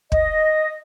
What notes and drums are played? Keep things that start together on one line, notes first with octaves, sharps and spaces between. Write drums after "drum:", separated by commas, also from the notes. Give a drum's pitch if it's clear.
D#5, drum: kick